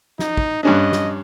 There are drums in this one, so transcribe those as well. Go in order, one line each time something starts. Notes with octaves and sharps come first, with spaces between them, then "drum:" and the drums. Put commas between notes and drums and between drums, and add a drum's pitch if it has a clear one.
D#4, drum: snare
drum: kick
G2 C#4 D4 D#5
drum: snare